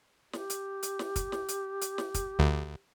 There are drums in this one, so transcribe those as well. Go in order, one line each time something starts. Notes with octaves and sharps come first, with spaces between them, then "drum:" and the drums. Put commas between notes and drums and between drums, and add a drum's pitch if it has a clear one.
G4, drum: snare
drum: hi-hat
drum: hi-hat
drum: snare
drum: kick, hi-hat
drum: snare
drum: hi-hat
drum: hi-hat
drum: snare
drum: kick, hi-hat
D2